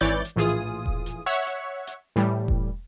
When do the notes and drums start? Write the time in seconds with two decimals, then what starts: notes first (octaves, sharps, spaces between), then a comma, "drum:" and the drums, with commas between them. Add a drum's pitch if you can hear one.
0.01 G#1 E3 C#5 D5 G6 A6
0.25 drum: hi-hat
0.36 A#1 A2 E3 F4 G#4 D#6
0.86 drum: kick E1
1.06 drum: hi-hat
1.26 C#5 E5 F#5 C#6
1.47 drum: hi-hat
1.87 drum: hi-hat
2.16 A2 E3 G3
2.48 drum: kick E1